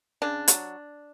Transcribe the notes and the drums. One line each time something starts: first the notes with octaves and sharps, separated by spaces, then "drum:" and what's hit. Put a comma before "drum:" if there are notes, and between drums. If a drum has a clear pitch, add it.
C#3 D4
F#3, drum: hi-hat